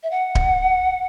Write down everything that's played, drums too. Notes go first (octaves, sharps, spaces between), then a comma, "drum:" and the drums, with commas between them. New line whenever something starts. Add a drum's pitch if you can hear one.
E5
F#5
drum: kick D1